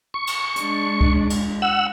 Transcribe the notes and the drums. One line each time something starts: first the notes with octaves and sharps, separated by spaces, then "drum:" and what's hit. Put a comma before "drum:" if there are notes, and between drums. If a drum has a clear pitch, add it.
C#6
drum: cymbal
G#3 D4, drum: hi-hat
drum: kick
drum: cymbal
F#5 E6